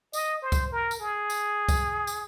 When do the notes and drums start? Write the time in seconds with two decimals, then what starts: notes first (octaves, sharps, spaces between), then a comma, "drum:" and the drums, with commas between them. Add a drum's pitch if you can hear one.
0.13 D#5, drum: tambourine
0.42 C5
0.52 drum: kick C#2, tambourine
0.72 A#4
0.91 drum: tambourine
1.00 G#4
1.30 drum: tambourine
1.69 drum: kick C#2, tambourine
2.07 drum: tambourine